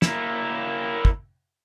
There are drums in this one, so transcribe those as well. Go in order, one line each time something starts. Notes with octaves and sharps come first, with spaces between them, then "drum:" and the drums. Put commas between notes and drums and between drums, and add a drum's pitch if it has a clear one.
A#3 E4, drum: snare
drum: kick